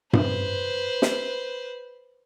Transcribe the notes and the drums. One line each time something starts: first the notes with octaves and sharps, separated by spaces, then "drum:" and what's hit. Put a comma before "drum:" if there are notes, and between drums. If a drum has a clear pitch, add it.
B4 C5, drum: tom G2
drum: snare